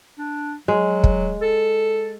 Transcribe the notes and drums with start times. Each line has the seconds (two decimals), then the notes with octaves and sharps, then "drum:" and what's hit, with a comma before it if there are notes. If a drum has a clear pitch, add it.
0.18 D4
0.68 F#3 G#3
1.04 drum: kick
1.42 A4